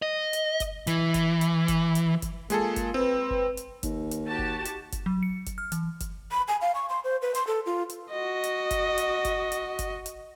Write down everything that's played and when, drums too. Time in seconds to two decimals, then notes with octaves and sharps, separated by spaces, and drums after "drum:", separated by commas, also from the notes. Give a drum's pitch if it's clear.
0.02 D#5
0.33 drum: hi-hat
0.60 drum: kick F#1, hi-hat
0.87 E3, drum: hi-hat
1.14 drum: kick F#1, hi-hat
1.41 drum: hi-hat
1.68 drum: kick F#1, hi-hat
1.95 drum: hi-hat
2.22 drum: kick F#1, hi-hat
2.50 G#3 A#3 F4 G#4 A4, drum: hi-hat
2.76 drum: kick F#1, hi-hat
2.94 C4 B4
3.30 drum: kick F#1
3.57 drum: hi-hat
3.83 D#2, drum: kick F#1, hi-hat
4.12 drum: hi-hat
4.26 F#4 G4 A5
4.39 drum: kick F#1
4.66 drum: hi-hat
4.93 drum: kick F#1, hi-hat
5.06 F#3
5.23 C#7
5.47 drum: kick F#1, hi-hat
5.58 F6
5.72 E3, drum: hi-hat
6.01 drum: kick F#1, hi-hat
6.31 B5
6.48 G#5
6.61 F5
6.75 C#6
6.89 C6
7.04 C5
7.22 B4
7.35 C6, drum: hi-hat
7.47 A4
7.66 F4
7.90 drum: hi-hat
8.11 F#4 D#5
8.44 drum: hi-hat
8.71 drum: kick F#1, hi-hat
8.98 drum: hi-hat
9.25 drum: kick F#1, hi-hat
9.52 drum: hi-hat
9.79 drum: kick F#1, hi-hat
10.06 drum: hi-hat